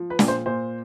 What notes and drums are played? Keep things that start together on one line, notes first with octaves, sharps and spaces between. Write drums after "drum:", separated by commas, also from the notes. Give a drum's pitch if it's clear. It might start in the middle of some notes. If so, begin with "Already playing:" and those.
Already playing: F3
B4
A#2, drum: snare
C5
A#2 C5